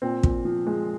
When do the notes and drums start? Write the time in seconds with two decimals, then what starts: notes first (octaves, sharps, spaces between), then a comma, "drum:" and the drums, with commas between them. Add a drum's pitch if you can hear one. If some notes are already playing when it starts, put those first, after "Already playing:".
0.02 A#2 C4
0.23 A#2, drum: kick
0.45 F3
0.67 G#3